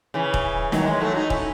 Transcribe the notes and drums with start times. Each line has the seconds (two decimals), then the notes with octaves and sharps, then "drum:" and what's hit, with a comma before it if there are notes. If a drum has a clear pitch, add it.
0.14 C#3 E3
0.34 drum: kick
0.72 D#3 F#3, drum: snare
0.86 E3 G#3
1.01 F#3 A3
1.15 D#4 F#4
1.30 C#4 E4, drum: kick